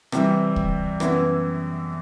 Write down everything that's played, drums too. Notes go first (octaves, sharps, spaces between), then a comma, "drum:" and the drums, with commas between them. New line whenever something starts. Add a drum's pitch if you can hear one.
C3 E3 G3, drum: rim click
drum: kick
F#2 E3 B3 E4, drum: rim click